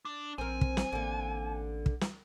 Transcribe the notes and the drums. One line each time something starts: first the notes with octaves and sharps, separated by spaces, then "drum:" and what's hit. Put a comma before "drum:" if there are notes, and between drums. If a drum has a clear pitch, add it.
D4
A#1 C4 A#4 G#5
drum: kick
drum: snare
A1 D3 A#3
drum: kick
drum: snare